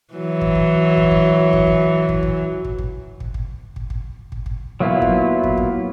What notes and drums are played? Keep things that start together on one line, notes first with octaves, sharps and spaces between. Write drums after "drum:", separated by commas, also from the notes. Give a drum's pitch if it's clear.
E3 F#3
drum: kick
drum: kick
drum: kick
drum: kick
drum: kick
drum: kick
drum: kick
drum: kick
drum: kick
drum: kick
drum: kick
drum: kick
drum: kick
drum: kick
drum: kick
drum: kick
F#3 A#3 B3 E4 F4
drum: kick
drum: kick
drum: kick